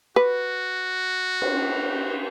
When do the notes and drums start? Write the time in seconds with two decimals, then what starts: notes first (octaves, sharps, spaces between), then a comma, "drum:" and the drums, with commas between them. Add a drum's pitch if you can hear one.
0.16 F#4 B4
1.42 drum: cymbal